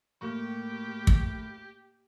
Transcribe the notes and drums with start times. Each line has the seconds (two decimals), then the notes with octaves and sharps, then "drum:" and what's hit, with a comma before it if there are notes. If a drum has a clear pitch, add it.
0.21 A2 A#3 G4 C#6
1.07 drum: kick